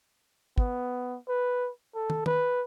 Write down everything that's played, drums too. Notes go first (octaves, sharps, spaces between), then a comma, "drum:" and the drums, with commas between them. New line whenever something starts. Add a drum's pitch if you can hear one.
B3, drum: kick
B4
A4
drum: tom
B4, drum: tom